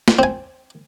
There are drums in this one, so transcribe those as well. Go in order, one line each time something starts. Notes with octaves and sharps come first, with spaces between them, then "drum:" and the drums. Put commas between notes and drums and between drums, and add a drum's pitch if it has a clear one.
drum: snare
C4 G#5